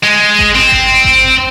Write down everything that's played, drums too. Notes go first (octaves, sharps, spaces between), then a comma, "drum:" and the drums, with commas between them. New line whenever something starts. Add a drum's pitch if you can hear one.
G#3
drum: kick G#1
C4
drum: kick G#1
drum: kick G#1